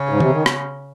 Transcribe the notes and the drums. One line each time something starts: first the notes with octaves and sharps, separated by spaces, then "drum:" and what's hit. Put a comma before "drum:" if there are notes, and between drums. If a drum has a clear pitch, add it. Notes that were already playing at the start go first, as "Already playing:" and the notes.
Already playing: C#3
G#2
C3, drum: tom D#3
D#3
drum: rim click